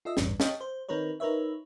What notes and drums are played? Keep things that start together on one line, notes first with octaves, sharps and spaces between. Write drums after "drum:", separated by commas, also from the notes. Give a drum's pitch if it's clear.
F4 A4 D#5 E5
A1 E2 G2, drum: snare
C#5 D#5 F5 G5 A5, drum: snare
C5
D#3 C4 D#4 A#4 B4 C#5
D#4 A#4 B4 C#5 E5